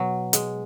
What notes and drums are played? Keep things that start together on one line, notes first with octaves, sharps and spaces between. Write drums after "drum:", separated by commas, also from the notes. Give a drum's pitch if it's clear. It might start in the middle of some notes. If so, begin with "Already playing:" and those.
Already playing: B2 F#3
G#3, drum: hi-hat